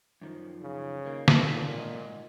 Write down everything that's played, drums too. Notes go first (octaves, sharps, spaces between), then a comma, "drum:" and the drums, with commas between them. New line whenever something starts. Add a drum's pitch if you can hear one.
F#2 D#3 F3
C#3
D#3 A#3
drum: snare
A#2 D3 D#3 F#3
G#2 D#5